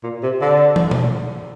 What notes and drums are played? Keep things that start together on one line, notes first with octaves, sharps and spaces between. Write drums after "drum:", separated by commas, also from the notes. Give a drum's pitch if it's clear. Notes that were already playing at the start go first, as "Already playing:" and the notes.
A#2
C3
D3
drum: tom
drum: tom B2